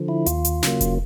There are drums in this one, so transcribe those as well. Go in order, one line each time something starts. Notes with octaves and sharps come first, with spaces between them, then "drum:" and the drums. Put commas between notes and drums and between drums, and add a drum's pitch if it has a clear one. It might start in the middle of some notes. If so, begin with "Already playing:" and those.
Already playing: D3 F3
E4
D#2 F4, drum: hi-hat
drum: hi-hat
C#3 F#3 A#3, drum: snare
drum: kick E1, hi-hat